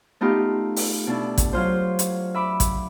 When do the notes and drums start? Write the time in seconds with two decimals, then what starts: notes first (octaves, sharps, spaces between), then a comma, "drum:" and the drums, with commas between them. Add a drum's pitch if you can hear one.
0.21 A3 B3 D#4 F4 G4
0.76 drum: open hi-hat
1.07 B2 D4 E4
1.38 drum: kick, hi-hat
1.53 F#3 F4 C5
1.99 drum: hi-hat
2.35 E5 B5 D6
2.60 drum: kick, hi-hat